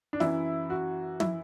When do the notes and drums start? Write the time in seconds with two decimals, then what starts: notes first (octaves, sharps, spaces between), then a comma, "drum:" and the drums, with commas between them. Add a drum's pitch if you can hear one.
0.13 D4
0.20 F#2 E3 E4, drum: snare
0.70 F#4
1.20 E4, drum: tom